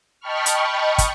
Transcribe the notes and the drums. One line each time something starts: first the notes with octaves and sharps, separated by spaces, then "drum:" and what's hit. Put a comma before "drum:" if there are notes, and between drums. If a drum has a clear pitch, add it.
D#5 G5 A5 B5 C#6 F6
drum: hi-hat
drum: kick, hi-hat